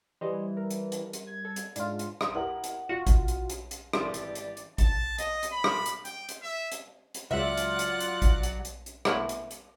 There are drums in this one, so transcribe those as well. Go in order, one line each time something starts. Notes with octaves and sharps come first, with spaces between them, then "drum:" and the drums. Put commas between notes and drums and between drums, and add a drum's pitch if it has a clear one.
E3 G3 C5 D#5
A#4
drum: hi-hat
drum: hi-hat
drum: hi-hat
G#6
A4
drum: hi-hat
G#2 D4 F4, drum: hi-hat
drum: hi-hat
drum: rim click
E4 G4 A#4 F#5
drum: hi-hat
F4 F#4
drum: kick G#1, hi-hat
drum: hi-hat
drum: hi-hat
drum: hi-hat
G#1 E3 C4 E4 G4 A4 D5, drum: rim click
drum: hi-hat
drum: hi-hat
drum: hi-hat
A5, drum: kick G#1, hi-hat
D#5, drum: hi-hat
drum: hi-hat
B5
drum: rim click
drum: hi-hat
G5, drum: hi-hat
drum: hi-hat
E5
drum: hi-hat
drum: hi-hat
C#2 F#3 F4 D5 E5 F#5 F#6
drum: hi-hat
drum: hi-hat
drum: hi-hat
drum: kick G#1, hi-hat
drum: hi-hat
drum: hi-hat
drum: hi-hat
A3 B3 E4, drum: rim click
drum: hi-hat
drum: hi-hat